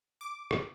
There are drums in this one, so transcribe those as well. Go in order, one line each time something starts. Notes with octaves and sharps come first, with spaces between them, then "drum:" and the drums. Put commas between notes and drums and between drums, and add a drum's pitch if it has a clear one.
D6
drum: rim click